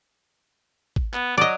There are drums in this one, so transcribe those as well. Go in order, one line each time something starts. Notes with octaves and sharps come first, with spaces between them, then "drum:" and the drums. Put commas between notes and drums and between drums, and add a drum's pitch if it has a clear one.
drum: kick G#1
B3, drum: clap
F#3 D5 D#5